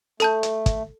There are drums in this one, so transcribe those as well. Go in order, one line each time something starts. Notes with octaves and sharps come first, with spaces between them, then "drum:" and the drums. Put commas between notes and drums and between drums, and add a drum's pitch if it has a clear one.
A3 A4 A5 G6, drum: hi-hat
drum: hi-hat
drum: kick, hi-hat